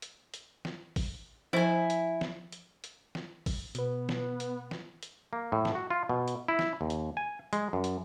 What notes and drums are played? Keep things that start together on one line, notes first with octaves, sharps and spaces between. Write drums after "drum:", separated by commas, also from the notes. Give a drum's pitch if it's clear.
drum: hi-hat
drum: hi-hat
drum: snare
drum: kick, open hi-hat
F3 E4 C5 G#5
drum: hi-hat
drum: snare
drum: hi-hat
drum: hi-hat
drum: snare
drum: kick, open hi-hat
B2 B3 B4, drum: hi-hat
drum: snare
drum: hi-hat
drum: snare
drum: hi-hat
A#3
A2
drum: snare
F#4
F4
B2
drum: hi-hat
E4
drum: snare
D#2
drum: hi-hat
G#5
G#3, drum: hi-hat
F#2
drum: hi-hat